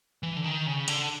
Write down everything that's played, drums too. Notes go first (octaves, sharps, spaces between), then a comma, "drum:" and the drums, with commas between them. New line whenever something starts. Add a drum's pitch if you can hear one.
E3
D3
D#3
C#3
D3, drum: cymbal